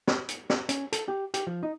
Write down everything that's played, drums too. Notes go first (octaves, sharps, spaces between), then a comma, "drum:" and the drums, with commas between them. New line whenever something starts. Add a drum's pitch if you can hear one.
drum: snare
drum: hi-hat
drum: snare
C#4, drum: hi-hat
A4, drum: hi-hat
G4
G4, drum: hi-hat
F3
D#4